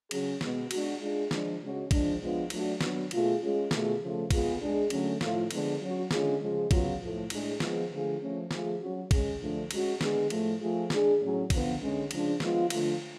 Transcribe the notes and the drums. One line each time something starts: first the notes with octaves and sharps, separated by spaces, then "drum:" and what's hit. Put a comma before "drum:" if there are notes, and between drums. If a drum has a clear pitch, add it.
C#3 F#3 C#4 G#4, drum: cymbal
B2 G#3 B3, drum: snare
G#3 D4 F#4, drum: cymbal
G#3 D4 F4 G#4
F3 G#3 D4, drum: snare
C#3 G#3 C#4 F#4
F3 G#3 D4, drum: kick, cymbal
F3 G#3 B3 D4 F4
F#3 A3 D4 F#4, drum: cymbal
F#3 B3 D4 F#4, drum: snare
B2 A3 F4 G#4, drum: cymbal
G#3 C#4 F4 G#4
B2 A3 F4 G#4, drum: snare
C#3 F3 A3
G#3 B3 F4 G#4, drum: kick, cymbal
G#3 D4 G#4
D3 F#3 A3 C#4, drum: cymbal
A2 F3 A3 F4, drum: snare
D3 F3 G#3 B3 D4, drum: cymbal
F#3 C#4 F#4
D3 G#3 C#4 F4 G#4, drum: snare
C#3 F3 G#3
C#3 F#3 B3 F4, drum: kick, cymbal
A2 F3 A3
A2 G#3 D4 G#4, drum: cymbal
F3 G#3 B3 F4 G#4, drum: snare
D3 F3 A3 F4 G#4
F3 A3 C#4
F3 A3 F4 G#4, drum: snare
F#3 C#4 F#4
G#3 C#4 G#4, drum: kick, cymbal
D3 F3 A3 D4
G#3 C#4 F#4, drum: cymbal
D3 G#3 B3 D4 G#4, drum: snare
A2 F3 A3, drum: cymbal
F3 A3 F4 G#4
G#3 D4 G#4, drum: snare
A2 F#3 C#4 G#4
D3 F3 B3 F4, drum: kick, cymbal
D3 G#3 C#4
C#3 F3 G#3 D4, drum: cymbal
F3 G#3 B3 F4, drum: snare
D3 F3 A3 F4, drum: cymbal